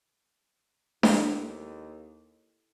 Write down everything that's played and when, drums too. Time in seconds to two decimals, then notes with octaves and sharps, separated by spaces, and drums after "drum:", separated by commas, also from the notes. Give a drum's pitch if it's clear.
1.03 D#2 E4 A4, drum: snare D4